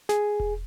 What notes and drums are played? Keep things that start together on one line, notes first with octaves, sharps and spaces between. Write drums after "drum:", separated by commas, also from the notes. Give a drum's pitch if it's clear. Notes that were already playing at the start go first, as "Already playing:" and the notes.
G#4, drum: snare
drum: kick E1